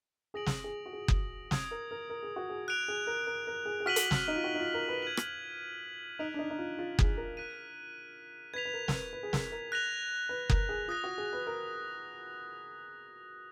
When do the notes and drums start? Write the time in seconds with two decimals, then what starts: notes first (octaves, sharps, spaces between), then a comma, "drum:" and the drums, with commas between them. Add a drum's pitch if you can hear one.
0.34 G#4 D#6 A#6 D7 F#7
0.46 drum: snare
0.64 G#4
0.86 F#4
0.93 G#4
1.08 drum: kick F#1
1.51 D#6 G#6 D7, drum: snare
1.71 A#4
1.91 A#4
2.10 A#4
2.23 G#4
2.36 F#4
2.49 G#4
2.68 F#6 D7 F7
2.88 G#4
3.07 A#4
3.26 A#4
3.47 A#4
3.66 G#4
3.80 G#4
3.86 F#4 F6 B6 D#7 F#7
3.96 drum: hi-hat
4.11 drum: snare
4.28 D#4
4.36 F4
4.44 F#4
4.55 D#4
4.59 F4
4.74 A#4
4.89 B4
5.02 G#6 D#7 F#7
5.17 drum: rim click
6.19 D#4 F#6 B6 D7 F7
6.34 D4
6.39 D#4
6.51 D#4
6.59 F4
6.79 F4
6.99 G#4, drum: kick F#1
7.17 A#4
7.37 F#6 B6 D#7
8.54 B4 G#6 B6 F7
8.65 B4
8.74 A#4
8.88 A#4, drum: snare
8.93 B4
9.13 B4
9.23 G#4
9.33 A#4, drum: snare
9.52 A#4
9.72 F#6 A#6 F7
10.29 B4
10.50 A#4, drum: kick F#1
10.69 G#4
10.88 F4 D#6 F#6 A#6
11.04 F#4
11.18 G#4
11.33 B4
11.47 A#4